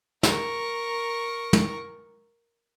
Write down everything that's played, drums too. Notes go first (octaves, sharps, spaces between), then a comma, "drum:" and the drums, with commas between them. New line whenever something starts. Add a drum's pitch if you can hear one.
A#4 C#6, drum: snare
drum: tom